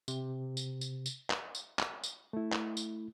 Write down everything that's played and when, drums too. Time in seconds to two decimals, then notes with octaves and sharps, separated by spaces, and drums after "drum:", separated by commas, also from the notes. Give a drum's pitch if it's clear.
0.08 C3, drum: tambourine
0.57 drum: tambourine
0.81 drum: tambourine
1.06 drum: tambourine
1.30 drum: clap
1.55 drum: tambourine
1.79 drum: clap
2.03 drum: tambourine
2.33 A3 E4
2.52 drum: clap
2.77 drum: tambourine